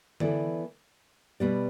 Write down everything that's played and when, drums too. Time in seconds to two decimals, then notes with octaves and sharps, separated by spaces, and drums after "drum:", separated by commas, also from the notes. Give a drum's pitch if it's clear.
0.20 E3 B3 E4 A4 D5, drum: tom D3
1.40 B2 G3 B3 G4 D5